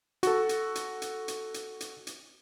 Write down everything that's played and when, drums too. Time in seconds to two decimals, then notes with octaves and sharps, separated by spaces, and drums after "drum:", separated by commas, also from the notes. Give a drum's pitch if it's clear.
0.23 F#4 A4, drum: hi-hat
0.49 drum: hi-hat
0.75 drum: hi-hat
1.02 drum: hi-hat
1.28 drum: hi-hat
1.54 drum: hi-hat
1.80 drum: hi-hat
2.07 drum: hi-hat